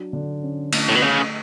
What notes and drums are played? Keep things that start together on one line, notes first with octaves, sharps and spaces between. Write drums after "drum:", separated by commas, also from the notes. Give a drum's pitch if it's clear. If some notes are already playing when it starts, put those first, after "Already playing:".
Already playing: F#3 D4
D3
C#4
A3, drum: cymbal
A2
B2
C#3 A3